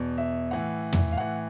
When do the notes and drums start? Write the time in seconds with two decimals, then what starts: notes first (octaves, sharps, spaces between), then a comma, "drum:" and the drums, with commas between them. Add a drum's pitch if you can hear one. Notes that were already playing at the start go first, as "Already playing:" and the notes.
Already playing: E2 B2
0.18 E5
0.51 A2 E3 F#5
0.93 drum: tom
1.12 F5
1.17 A2 E3 F#5